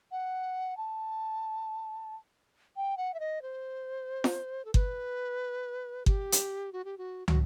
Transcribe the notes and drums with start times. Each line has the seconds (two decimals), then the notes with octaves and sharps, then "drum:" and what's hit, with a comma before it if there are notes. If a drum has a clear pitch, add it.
0.12 F#5
0.77 A5
2.76 G5
2.97 F#5
3.14 E5
3.20 D#5
3.42 C5
4.24 drum: snare F4
4.65 A4
4.74 B4, drum: kick G1
6.06 G4, drum: kick G1
6.32 drum: hi-hat
6.73 F#4
6.85 G4
6.98 F#4
7.28 F#4, drum: tom